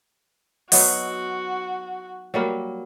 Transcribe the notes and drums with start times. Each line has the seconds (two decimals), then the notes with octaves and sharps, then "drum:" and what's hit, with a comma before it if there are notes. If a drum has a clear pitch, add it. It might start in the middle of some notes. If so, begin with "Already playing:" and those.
0.72 F#3 B3 D#4 F#4, drum: open hi-hat
2.34 F#3 G3 A#3